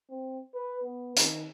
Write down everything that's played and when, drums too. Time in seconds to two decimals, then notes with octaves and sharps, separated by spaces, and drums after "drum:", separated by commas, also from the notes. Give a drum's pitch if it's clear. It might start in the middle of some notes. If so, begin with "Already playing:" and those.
0.10 C4
0.54 B4
0.84 B3
1.17 D#3, drum: hi-hat